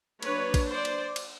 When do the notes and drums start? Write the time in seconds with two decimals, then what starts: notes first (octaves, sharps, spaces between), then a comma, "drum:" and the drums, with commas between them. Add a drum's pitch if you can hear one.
0.23 F#3 A#3 D4 B4 C#5, drum: cymbal
0.54 drum: kick, cymbal
0.70 C5 D5
0.85 drum: cymbal
1.16 drum: cymbal